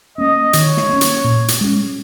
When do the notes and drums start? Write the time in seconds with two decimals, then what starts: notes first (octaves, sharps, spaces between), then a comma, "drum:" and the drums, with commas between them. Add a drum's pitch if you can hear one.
0.18 A#3 C#4 D#5
0.53 D#3 C#5, drum: hi-hat
0.77 drum: snare
0.89 A#3 C#4
1.01 drum: hi-hat
1.24 A#2
1.48 drum: hi-hat
1.61 G#3 C#4